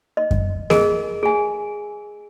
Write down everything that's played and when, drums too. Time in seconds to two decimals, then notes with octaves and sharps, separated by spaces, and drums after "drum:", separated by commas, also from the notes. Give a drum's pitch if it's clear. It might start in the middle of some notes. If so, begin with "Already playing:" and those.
0.17 D#5
0.31 drum: kick F#2
0.70 G#4 A#4 D#5, drum: snare A#3
1.23 G#4 G#5